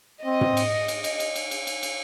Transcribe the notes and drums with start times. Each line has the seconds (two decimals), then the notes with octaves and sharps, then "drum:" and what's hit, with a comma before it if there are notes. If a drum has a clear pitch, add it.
0.25 C4 D#5
0.41 drum: tom
0.57 drum: cymbal
0.88 drum: cymbal
1.04 drum: cymbal
1.20 drum: cymbal
1.36 drum: cymbal
1.51 drum: cymbal
1.67 drum: cymbal
1.83 drum: cymbal